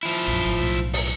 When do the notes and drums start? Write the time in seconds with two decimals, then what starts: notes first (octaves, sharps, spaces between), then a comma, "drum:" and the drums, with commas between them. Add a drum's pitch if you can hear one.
0.03 F3 E4
0.28 A#1 F#2
0.45 G#1
0.58 B1 A2
0.93 drum: open hi-hat